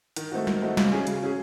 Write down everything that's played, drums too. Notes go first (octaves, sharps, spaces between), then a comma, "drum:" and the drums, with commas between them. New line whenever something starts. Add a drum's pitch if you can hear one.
D#3, drum: hi-hat
A3 C4 D#4 F#4
D#3, drum: snare
A3 C4 D#4 F#4
C#3, drum: snare
F#3 C#4 G#4
C#3, drum: hi-hat
F#3 C#4 G#4